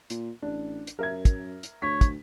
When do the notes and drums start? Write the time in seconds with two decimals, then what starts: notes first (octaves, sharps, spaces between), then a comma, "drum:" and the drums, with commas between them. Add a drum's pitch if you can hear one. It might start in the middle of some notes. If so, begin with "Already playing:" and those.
0.10 A#2, drum: hi-hat
0.42 A1 D4
0.87 drum: hi-hat
0.99 F#2 A#4 E5 G#6
1.25 drum: kick, hi-hat
1.63 drum: hi-hat
1.82 D2 C#5 B6
2.01 drum: kick, hi-hat